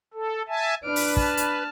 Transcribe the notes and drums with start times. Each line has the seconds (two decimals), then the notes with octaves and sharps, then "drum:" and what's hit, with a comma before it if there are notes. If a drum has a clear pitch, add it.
0.14 A4
0.48 E5 G#5 A5
0.84 D4 B4 F6 D7
0.96 drum: open hi-hat
1.17 A5 F6, drum: kick
1.37 drum: hi-hat